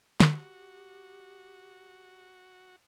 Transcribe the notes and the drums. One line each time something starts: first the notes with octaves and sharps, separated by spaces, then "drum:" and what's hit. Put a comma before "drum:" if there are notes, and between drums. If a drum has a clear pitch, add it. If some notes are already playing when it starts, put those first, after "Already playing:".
F#4 G4, drum: snare